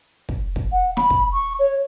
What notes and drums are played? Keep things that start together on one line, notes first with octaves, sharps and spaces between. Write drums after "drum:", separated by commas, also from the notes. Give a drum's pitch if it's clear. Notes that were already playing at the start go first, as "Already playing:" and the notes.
drum: kick
drum: kick
F#5
B5, drum: snare
drum: kick
C#6
C#5